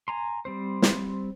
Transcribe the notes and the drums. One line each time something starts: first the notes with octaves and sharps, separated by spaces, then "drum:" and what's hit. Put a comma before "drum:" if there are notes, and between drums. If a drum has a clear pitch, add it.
G#5 A#5 C6
G3 C4 C5
drum: snare